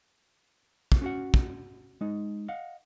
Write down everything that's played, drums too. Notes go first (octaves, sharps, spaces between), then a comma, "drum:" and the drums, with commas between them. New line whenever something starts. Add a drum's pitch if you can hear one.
drum: kick
C#4 F#4 F#5
drum: kick
G#3 D#4
D#5 F5 F#5